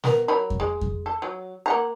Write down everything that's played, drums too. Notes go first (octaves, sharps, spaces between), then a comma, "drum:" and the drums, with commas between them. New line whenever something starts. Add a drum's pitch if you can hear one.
B3 A#4, drum: snare
F#3 A#4 B5
drum: kick F2
G#3
drum: kick F2
A4
F#3
A#3 F#5 A#5